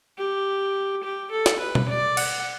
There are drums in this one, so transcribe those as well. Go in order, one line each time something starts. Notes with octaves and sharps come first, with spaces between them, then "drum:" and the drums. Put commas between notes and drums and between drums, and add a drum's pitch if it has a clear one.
G4
G4
A4
drum: snare
B4
drum: tom B2
D5
F#5, drum: cymbal